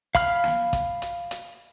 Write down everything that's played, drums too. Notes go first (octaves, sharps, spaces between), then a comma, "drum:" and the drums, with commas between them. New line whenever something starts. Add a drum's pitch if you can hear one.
F5 B5 F6, drum: kick, hi-hat
drum: snare
drum: kick, hi-hat
drum: hi-hat
drum: hi-hat